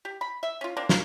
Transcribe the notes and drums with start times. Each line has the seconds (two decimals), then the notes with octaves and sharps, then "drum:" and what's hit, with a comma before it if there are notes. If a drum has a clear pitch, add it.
0.05 G4
0.21 B5
0.43 E5
0.61 C#4 F4
0.77 A#3 C4 D4
0.89 A#4 C5 F5, drum: snare